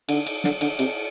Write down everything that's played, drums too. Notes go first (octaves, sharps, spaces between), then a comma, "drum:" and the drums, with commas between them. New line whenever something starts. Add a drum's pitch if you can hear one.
D3, drum: cymbal
drum: cymbal
D3, drum: snare
D3, drum: cymbal
C3, drum: cymbal